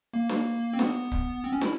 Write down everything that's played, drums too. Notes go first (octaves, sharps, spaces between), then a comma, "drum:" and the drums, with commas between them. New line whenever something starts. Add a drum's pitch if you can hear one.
A#3
drum: snare
C4
B3, drum: snare
drum: kick C#1
C4
C#4
E4, drum: snare